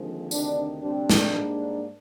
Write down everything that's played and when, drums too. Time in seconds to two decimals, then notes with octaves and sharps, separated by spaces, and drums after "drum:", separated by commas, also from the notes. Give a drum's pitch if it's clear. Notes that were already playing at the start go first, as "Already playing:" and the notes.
Already playing: D#2 D3 F3 G#3 C4
0.31 D2 C3 D#3 D4, drum: tambourine
0.81 D2 C3 G3 C4 D4
1.10 drum: snare
1.32 G#2 G3 A#3